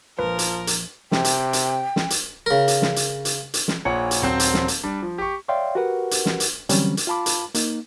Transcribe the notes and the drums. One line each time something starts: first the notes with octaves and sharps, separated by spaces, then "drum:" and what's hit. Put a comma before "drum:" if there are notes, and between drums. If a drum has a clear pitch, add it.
A#1 F3 A#4 B4
drum: hi-hat
drum: hi-hat
C3 G5, drum: snare
drum: hi-hat
drum: hi-hat
drum: snare
drum: hi-hat
C#3 A#4
drum: hi-hat
drum: snare
drum: hi-hat
drum: hi-hat
drum: hi-hat
drum: snare
A#1 A#2 C#5 F#5 C#7
drum: hi-hat
D#1 F#3 C4 C5 G6
drum: hi-hat
drum: snare
drum: hi-hat
G3 D4
F3
G4 C#6
C#5 D5 E5 F5 G5 C6
F#4 G4 A#4 B4 F#5
drum: hi-hat
drum: snare
drum: hi-hat
D3 E3 F#3 G3 C4 C#4, drum: hi-hat
drum: hi-hat
F4 F5 A5 B5 D6
drum: hi-hat
A#3 D#4, drum: hi-hat